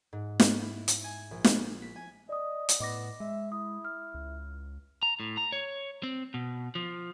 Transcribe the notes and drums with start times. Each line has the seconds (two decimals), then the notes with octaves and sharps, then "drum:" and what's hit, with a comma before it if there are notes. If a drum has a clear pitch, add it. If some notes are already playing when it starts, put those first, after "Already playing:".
0.13 G#2
0.40 drum: snare
0.61 E4
0.88 drum: hi-hat
1.04 G#5
1.31 A#1
1.44 drum: snare
1.82 B6
1.96 G#5
2.29 D5 D#5 D#6
2.69 drum: hi-hat
2.80 A2 B3 D#5 D6 A#6
3.20 G#3 E5
3.52 E4 D#6
3.85 F6
4.14 C#2
5.03 A#5
5.20 A2
5.37 A#5
5.52 C#5
6.03 C4
6.34 B2
6.75 F3